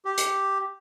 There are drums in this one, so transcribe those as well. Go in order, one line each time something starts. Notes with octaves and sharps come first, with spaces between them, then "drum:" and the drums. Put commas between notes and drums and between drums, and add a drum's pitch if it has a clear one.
G4
drum: hi-hat